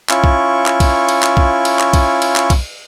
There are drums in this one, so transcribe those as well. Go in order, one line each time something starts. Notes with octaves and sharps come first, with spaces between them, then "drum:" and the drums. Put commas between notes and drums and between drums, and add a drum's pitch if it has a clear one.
C#4 E4 F4 C#6, drum: clap
drum: kick B1
drum: clap
drum: kick B1, cymbal
drum: cymbal
drum: clap
drum: kick B1
drum: cymbal
drum: clap
drum: kick B1, cymbal
drum: cymbal
drum: clap
drum: kick B1, cymbal